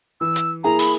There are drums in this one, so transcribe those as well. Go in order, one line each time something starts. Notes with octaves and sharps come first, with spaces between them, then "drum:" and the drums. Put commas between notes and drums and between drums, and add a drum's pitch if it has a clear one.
E3 E6
drum: hi-hat
A#3 E4 G#4 A#5
B5, drum: open hi-hat